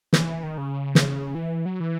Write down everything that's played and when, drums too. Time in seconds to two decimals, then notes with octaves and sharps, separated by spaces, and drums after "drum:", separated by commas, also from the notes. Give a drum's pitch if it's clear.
0.13 E3, drum: snare
0.43 D#3
0.58 C#3
0.95 drum: snare
1.35 E3
1.66 F#3
1.80 E3